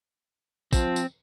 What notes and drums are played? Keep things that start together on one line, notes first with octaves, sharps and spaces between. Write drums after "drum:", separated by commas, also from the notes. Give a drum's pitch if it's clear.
F3 C4, drum: kick, tambourine
drum: tambourine